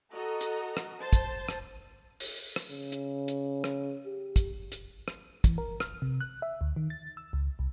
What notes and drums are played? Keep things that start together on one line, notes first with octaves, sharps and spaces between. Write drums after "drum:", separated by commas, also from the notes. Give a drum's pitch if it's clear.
F#4 A4 D#5 A#5
drum: hi-hat
drum: rim click
C5 A5
drum: kick, hi-hat
drum: rim click
drum: open hi-hat
drum: rim click
C#3
drum: hi-hat
drum: hi-hat
drum: rim click
G4
drum: kick, hi-hat
drum: hi-hat
drum: rim click
E3, drum: kick, hi-hat
A#4
F6, drum: rim click
C3
F#6
E5
D2
D#3
A6
E6
C#2
C2